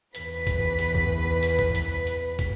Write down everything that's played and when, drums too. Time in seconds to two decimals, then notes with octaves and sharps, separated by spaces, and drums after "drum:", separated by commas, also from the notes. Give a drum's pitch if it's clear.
0.15 E2 B4 B6, drum: hi-hat
0.47 drum: kick, hi-hat
0.79 drum: hi-hat
0.95 drum: kick
1.43 drum: hi-hat
1.59 drum: kick
1.75 drum: hi-hat
2.07 drum: hi-hat
2.39 drum: kick, hi-hat